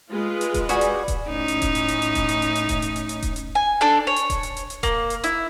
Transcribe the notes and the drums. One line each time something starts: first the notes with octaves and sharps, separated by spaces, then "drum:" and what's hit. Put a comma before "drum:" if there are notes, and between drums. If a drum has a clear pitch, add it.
G#3 F4 B4
drum: hi-hat
drum: kick D#1, hi-hat
G3 C#4 F#4 G#4 B5, drum: hi-hat
drum: hi-hat
drum: kick D#1, hi-hat
A2 C#4 D#4
drum: hi-hat
drum: kick D#1, hi-hat
drum: hi-hat
drum: hi-hat
drum: hi-hat
drum: kick D#1, hi-hat
drum: hi-hat
drum: hi-hat
drum: hi-hat
drum: kick D#1, hi-hat
drum: hi-hat
drum: hi-hat
drum: hi-hat
drum: kick D#1, hi-hat
drum: hi-hat
G#5
D4 A4 D5
C#5
drum: hi-hat
drum: kick D#1, hi-hat
drum: hi-hat
drum: hi-hat
drum: hi-hat
A#3, drum: kick D#1, hi-hat
drum: hi-hat
E4, drum: hi-hat